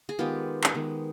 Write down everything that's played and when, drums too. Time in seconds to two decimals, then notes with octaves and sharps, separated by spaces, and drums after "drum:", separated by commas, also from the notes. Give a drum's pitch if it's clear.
0.09 G#4
0.19 D#3 G#3 B3 F4 G4
0.64 drum: clap
0.74 D#3 G#3 B3